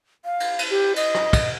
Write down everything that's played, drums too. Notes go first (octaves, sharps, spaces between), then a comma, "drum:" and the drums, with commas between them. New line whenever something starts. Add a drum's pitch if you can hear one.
F5
drum: cymbal
drum: cymbal
G4
D#5, drum: cymbal
drum: rim click
drum: kick, cymbal